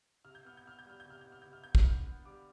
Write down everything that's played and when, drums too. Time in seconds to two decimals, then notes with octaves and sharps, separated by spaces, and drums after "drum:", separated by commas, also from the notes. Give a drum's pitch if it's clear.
0.25 C3 F6
0.35 G6
0.45 B3 F6
0.57 G6
0.65 B3 F6
0.79 G6
0.86 G3 F6
1.00 G6
1.05 C3
1.10 F6
1.21 B3 G6
1.32 F6
1.42 C3 G6
1.53 F6
1.64 B3 G6
1.75 F6, drum: kick
1.85 D3 F6
2.06 B3
2.25 G3 D6